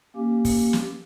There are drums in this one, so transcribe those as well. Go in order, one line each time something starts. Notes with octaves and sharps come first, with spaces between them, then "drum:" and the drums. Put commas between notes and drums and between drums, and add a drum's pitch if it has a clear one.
A#3 C#4 G4
drum: kick, open hi-hat
drum: snare